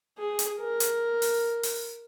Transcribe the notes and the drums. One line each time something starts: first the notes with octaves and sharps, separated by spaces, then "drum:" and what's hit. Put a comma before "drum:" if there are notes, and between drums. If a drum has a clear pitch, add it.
G#4
drum: hi-hat
A#4
drum: hi-hat
drum: open hi-hat
drum: open hi-hat